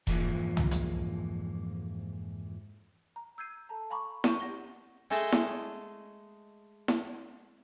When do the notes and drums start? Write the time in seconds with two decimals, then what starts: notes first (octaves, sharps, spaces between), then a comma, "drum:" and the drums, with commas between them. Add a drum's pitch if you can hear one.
0.07 F2 G#2 E3 F3 A#3, drum: kick E1
0.57 drum: tom
0.71 drum: hi-hat
3.16 A#5
3.38 E6 G6 G#6 C7 D#7
3.69 A4 A5 A#5
3.90 F5 G#5 A#5 B5 C#6 D6
4.24 C#6 G6 D#7 E7, drum: snare E4
4.40 G4 F#5 A#6 G7
5.10 G#3 A3 G#4 A4 D#5 G5
5.32 drum: snare E4
6.88 drum: snare E4